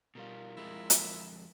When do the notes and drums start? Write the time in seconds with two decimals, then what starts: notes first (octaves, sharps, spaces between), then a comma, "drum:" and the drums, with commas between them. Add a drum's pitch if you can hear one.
0.15 B2 G3 F4 A#4
0.57 F2 G#3 E4
0.90 drum: hi-hat